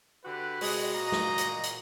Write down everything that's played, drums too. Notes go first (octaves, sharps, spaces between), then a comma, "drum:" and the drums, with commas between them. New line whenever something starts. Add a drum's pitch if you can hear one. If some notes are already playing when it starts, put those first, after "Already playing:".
D3 F#4 G4 B4
C3 G#3 F#4, drum: open hi-hat
A#2 D#5 A#5
drum: snare
drum: hi-hat
drum: hi-hat